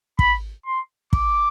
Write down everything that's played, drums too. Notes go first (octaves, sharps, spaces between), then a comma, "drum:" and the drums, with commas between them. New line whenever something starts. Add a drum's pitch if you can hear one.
B5, drum: kick
C6
D6, drum: kick